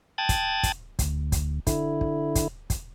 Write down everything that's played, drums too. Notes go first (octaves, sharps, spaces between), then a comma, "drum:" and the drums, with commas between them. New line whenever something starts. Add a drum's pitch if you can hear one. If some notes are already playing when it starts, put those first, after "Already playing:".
G5 A5 D#6 F#6 G#6 A6
drum: kick, hi-hat
drum: kick, hi-hat
D2, drum: kick, hi-hat
drum: kick, hi-hat
D3 E4, drum: kick, hi-hat
drum: kick
drum: kick, hi-hat
drum: kick, hi-hat